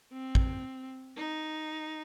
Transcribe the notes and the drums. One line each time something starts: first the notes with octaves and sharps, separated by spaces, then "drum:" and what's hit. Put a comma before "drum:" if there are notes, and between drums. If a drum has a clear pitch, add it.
C4
drum: kick
D#4